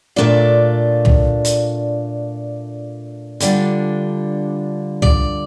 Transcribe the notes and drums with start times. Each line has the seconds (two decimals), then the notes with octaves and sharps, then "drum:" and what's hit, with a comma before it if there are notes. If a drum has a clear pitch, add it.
0.16 A#2 A3 D4 F4 D5
1.05 drum: tom
1.45 drum: hi-hat
3.40 D3 G3 D4 F4, drum: hi-hat
5.02 D5, drum: tom